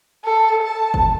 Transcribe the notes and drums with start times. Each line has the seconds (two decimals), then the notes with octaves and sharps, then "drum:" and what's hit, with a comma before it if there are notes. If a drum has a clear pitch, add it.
0.24 A4
0.62 A5
0.94 drum: kick G1